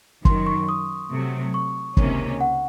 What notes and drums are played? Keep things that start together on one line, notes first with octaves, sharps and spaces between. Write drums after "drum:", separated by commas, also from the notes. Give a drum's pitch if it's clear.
F#2 D#3 F#3 C6, drum: kick
C#6
D#6
C3 F#3 A3
C#6
C#2 C3 D#3 A#3 C#4, drum: kick
F#5